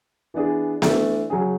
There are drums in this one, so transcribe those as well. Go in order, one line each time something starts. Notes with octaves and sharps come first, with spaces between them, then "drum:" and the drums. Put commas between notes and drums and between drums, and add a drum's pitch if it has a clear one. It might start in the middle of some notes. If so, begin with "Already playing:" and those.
E3 B3 D4 G#4
E3 A3 D4 A4, drum: snare B3
C#3 F#3 C#4 G#4